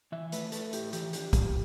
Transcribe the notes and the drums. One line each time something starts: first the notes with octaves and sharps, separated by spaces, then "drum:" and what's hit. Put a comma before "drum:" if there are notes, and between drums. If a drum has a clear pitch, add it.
E3 E5
A3 B4, drum: hi-hat
A3 A4, drum: hi-hat
A2 G4, drum: hi-hat
E3 G4, drum: hi-hat
D3 G4, drum: hi-hat
G3, drum: kick, hi-hat